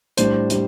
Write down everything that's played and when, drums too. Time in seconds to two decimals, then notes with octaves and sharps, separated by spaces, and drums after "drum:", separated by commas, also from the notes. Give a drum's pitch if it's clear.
0.17 A2 G3 D4 C5, drum: hi-hat
0.50 G3 D4, drum: hi-hat